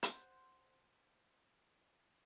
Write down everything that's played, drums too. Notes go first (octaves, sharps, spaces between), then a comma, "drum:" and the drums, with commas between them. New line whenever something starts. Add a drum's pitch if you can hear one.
C5 F#5, drum: hi-hat